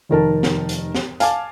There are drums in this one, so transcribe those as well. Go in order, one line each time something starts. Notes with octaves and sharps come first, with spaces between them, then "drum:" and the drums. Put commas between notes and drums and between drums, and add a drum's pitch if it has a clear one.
F1 D#3 A#4 A5
drum: snare
drum: hi-hat
drum: snare
F5 G#5 A5 D6, drum: hi-hat